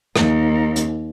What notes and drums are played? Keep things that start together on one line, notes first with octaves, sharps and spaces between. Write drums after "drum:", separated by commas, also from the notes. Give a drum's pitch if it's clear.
D#2, drum: rim click
drum: hi-hat